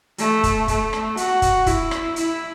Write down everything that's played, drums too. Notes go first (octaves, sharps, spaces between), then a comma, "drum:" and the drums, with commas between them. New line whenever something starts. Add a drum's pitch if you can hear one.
A3, drum: hi-hat
drum: kick, hi-hat
A3, drum: kick, hi-hat
drum: rim click
F#4, drum: hi-hat
drum: kick, hi-hat
E4, drum: kick, hi-hat
drum: rim click
E4, drum: hi-hat